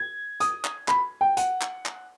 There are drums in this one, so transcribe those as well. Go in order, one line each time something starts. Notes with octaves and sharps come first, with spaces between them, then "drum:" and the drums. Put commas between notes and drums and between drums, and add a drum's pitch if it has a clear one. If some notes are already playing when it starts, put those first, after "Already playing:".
Already playing: G#6
D#6, drum: hi-hat
drum: clap
B5, drum: clap
G5
F#5, drum: hi-hat
drum: clap
drum: clap